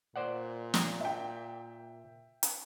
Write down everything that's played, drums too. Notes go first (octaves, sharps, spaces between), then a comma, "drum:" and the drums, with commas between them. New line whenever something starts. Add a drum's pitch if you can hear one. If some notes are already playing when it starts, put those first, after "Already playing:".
A#2 C5 D5 F#5
drum: snare
E5 G5
drum: hi-hat